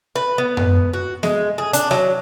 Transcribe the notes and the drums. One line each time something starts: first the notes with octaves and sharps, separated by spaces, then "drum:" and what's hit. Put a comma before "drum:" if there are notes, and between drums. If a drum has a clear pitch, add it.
B4
B3
drum: tom F#2
F#4
G#3, drum: snare B3
G#4
D4, drum: hi-hat
F#3, drum: rim click